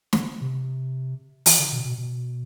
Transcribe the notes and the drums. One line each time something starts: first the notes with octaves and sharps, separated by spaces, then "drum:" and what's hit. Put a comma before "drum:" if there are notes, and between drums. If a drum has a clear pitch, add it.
drum: snare
C3
E3, drum: open hi-hat
D3
B2
B2
B2